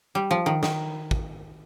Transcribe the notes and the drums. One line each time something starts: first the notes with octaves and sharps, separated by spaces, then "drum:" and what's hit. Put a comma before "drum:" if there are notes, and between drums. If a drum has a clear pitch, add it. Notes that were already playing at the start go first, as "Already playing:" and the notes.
G3
F3
D#3
D#3, drum: snare
drum: kick